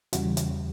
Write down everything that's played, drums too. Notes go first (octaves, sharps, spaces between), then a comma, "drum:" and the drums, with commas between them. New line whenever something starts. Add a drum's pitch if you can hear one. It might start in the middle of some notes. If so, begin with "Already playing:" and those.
E2 C#3 E3 G3 F#4, drum: hi-hat
drum: hi-hat